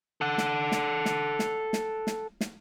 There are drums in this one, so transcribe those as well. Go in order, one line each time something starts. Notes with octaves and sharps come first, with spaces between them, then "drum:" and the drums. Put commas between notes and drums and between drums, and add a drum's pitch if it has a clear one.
A4 F#5
drum: snare
drum: snare
drum: snare
drum: snare
drum: snare
drum: snare
drum: snare